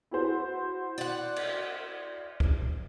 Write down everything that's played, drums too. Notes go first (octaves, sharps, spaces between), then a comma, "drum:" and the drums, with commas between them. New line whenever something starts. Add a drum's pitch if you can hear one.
E4 F#4 C5
D5 F#5
drum: cymbal
drum: kick